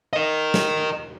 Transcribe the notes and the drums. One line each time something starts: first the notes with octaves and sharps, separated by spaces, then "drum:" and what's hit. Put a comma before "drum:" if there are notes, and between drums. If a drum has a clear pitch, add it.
A#4 D#5
drum: snare